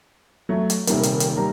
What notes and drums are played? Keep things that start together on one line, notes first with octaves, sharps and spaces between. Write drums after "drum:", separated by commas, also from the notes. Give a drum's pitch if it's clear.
F#3 A3
drum: hi-hat
D#1 C3 D#3 G3 A#3, drum: hi-hat
drum: hi-hat
drum: hi-hat
G3 A#5